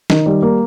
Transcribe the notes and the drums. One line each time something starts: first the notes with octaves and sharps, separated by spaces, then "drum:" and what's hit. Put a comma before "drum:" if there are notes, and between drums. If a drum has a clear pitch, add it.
D#3, drum: snare
G3
A#3